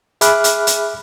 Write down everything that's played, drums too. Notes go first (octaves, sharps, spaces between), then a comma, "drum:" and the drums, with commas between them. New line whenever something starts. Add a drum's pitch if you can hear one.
G#4 E5 B5 D6 F6 F#6, drum: hi-hat
drum: hi-hat
drum: hi-hat